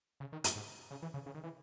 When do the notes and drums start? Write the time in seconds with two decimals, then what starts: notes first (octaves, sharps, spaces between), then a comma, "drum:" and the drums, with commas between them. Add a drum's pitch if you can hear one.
0.20 C#3
0.32 D#3
0.44 F#2, drum: hi-hat
0.56 G#2
0.91 C#3
1.02 E3
1.14 C#3
1.26 C#3
1.35 D#3
1.44 E3